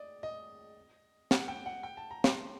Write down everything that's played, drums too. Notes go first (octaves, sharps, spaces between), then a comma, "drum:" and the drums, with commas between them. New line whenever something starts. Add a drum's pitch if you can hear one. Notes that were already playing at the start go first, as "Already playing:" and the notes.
Already playing: D5 D#5
D#5
F#5, drum: snare
G5
F#5
G5
A5
A#5
C6, drum: snare